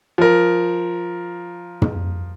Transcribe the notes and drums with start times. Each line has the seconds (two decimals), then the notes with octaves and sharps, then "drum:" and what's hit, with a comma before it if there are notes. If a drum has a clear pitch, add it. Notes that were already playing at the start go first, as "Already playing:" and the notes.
0.18 F3 A#4
1.82 drum: tom